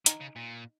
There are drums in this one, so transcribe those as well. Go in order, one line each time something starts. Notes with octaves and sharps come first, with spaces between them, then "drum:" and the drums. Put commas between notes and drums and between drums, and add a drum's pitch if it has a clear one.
D#3 D#4, drum: hi-hat
C#3
A#2